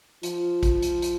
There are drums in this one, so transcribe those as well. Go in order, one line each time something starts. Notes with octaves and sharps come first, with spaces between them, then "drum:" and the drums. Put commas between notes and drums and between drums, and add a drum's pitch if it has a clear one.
F3, drum: hi-hat
drum: kick A1, hi-hat
drum: hi-hat
drum: hi-hat